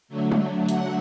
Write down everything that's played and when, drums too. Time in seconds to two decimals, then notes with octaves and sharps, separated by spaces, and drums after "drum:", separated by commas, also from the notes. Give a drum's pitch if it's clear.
0.08 D3 F#3 A3
0.32 drum: tom
0.69 F#5, drum: hi-hat